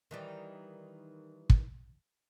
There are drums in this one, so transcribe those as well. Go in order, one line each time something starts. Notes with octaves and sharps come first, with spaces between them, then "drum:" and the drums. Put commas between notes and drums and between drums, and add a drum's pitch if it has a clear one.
D#3 E3 G3
drum: kick